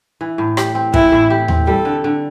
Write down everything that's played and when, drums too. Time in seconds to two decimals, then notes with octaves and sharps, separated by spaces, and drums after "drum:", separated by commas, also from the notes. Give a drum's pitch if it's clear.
0.21 E3
0.38 A2
0.57 G4, drum: rim click
0.75 C4
0.94 E3 E4, drum: kick
1.12 A2
1.30 G4
1.48 C4, drum: tom D#2
1.67 G3 A4
1.85 D3
2.04 D3